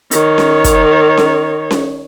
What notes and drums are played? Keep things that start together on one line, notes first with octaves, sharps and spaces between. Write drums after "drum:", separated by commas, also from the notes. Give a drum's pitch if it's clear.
D#3 C#5, drum: hi-hat
drum: snare C#4
drum: kick, hi-hat
drum: snare C#4
drum: snare C#4